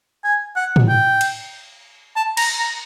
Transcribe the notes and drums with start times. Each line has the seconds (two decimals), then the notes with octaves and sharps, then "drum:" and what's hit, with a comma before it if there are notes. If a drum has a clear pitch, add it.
0.24 G#5
0.56 F#5
0.76 drum: tom
0.88 G5
1.21 drum: cymbal
2.16 A5
2.37 A#5, drum: cymbal
2.59 A#5